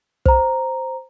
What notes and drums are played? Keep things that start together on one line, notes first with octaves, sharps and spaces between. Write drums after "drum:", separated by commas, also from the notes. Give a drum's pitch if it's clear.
C5 A#5, drum: kick